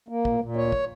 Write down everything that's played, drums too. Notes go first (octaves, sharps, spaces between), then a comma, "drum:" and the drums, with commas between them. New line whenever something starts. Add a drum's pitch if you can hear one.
A#3
A#2, drum: kick
A#2
D2 C#5
drum: kick